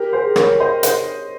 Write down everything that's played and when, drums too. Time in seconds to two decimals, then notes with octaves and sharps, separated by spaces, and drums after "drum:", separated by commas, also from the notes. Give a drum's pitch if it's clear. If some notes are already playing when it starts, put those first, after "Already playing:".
Already playing: G4 A#4
0.13 G#4 C5
0.36 A#4 C#5, drum: rim click
0.60 C5 D#5
0.83 C5 D#5, drum: hi-hat